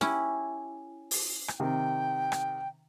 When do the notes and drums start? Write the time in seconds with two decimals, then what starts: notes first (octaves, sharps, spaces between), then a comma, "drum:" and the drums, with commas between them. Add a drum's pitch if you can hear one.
0.01 C#4 E4 G4, drum: snare
1.11 drum: open hi-hat
1.48 drum: rim click
1.60 C3 D#3 G5
2.32 drum: rim click